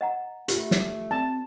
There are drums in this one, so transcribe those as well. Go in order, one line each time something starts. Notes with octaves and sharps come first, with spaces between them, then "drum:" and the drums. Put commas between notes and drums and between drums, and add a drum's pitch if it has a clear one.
D#5 F#5 A#5
A3 F4 G4, drum: hi-hat
drum: snare
C4 A5